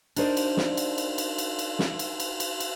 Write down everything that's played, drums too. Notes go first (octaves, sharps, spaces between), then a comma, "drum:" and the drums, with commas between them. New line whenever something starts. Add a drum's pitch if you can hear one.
D4 D#4 A#4 C5 D5 D#5, drum: cymbal
drum: cymbal
drum: snare
drum: cymbal
drum: cymbal
drum: cymbal
drum: cymbal
drum: cymbal
drum: snare
drum: cymbal
drum: cymbal
drum: cymbal
drum: cymbal